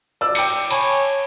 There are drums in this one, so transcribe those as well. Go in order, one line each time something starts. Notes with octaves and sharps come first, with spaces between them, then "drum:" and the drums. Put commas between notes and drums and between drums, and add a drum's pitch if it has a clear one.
D5 E6
G5 D6 C#7, drum: cymbal
C#5 G#5 A5 B5, drum: cymbal